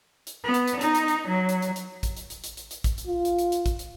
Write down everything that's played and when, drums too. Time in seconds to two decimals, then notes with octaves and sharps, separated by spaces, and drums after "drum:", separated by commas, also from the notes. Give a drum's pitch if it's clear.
0.27 drum: hi-hat
0.44 B3
0.54 drum: hi-hat
0.68 drum: hi-hat
0.81 D#4, drum: hi-hat
0.95 drum: hi-hat
1.08 drum: hi-hat
1.28 F#3
1.49 drum: hi-hat
1.62 drum: hi-hat
1.76 drum: hi-hat
2.03 drum: kick A1, hi-hat
2.17 drum: hi-hat
2.30 drum: hi-hat
2.44 drum: hi-hat
2.57 drum: hi-hat
2.71 drum: hi-hat
2.84 drum: kick A1, hi-hat
2.98 drum: hi-hat
3.07 F4
3.25 drum: hi-hat
3.39 drum: hi-hat
3.52 drum: hi-hat
3.66 drum: kick A1, hi-hat
3.79 drum: hi-hat